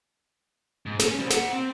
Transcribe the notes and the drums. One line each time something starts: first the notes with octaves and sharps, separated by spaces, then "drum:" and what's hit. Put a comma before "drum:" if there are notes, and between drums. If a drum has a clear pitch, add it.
G#2
C#4, drum: snare
G3 C5
C5 F#5, drum: snare
C4